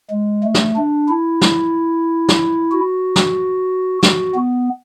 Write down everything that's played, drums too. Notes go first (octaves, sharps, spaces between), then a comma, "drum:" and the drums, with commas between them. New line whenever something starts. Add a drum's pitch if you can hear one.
G#3
A3
drum: snare
D4
E4
drum: snare
drum: snare
F#4
drum: snare
F#4, drum: snare
B3